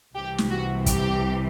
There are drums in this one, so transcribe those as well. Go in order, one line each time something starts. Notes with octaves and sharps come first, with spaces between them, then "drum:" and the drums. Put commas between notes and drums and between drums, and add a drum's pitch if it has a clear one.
C2 C3 E3 G4
drum: snare
F#4
G4, drum: kick, hi-hat